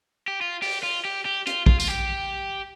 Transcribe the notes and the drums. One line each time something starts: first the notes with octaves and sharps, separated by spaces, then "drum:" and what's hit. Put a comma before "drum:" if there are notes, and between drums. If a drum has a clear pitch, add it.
G4
F4
G4, drum: open hi-hat
F4
G4
G4
F4, drum: hi-hat
F4, drum: kick
F4, drum: tambourine
G4